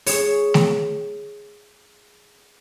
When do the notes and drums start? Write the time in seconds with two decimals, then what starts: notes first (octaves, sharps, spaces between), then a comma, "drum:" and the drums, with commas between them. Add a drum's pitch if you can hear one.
0.06 G#4 C#5, drum: open hi-hat
0.54 drum: snare A3